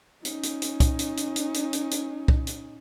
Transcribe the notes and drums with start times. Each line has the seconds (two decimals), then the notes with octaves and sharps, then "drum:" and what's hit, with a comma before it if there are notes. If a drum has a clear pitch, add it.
0.25 C#4 D#4, drum: hi-hat
0.43 drum: hi-hat
0.62 drum: hi-hat
0.80 drum: kick, hi-hat
0.99 drum: hi-hat
1.17 drum: hi-hat
1.36 drum: hi-hat
1.54 drum: hi-hat
1.73 drum: hi-hat
1.91 drum: hi-hat
2.28 drum: kick
2.47 drum: hi-hat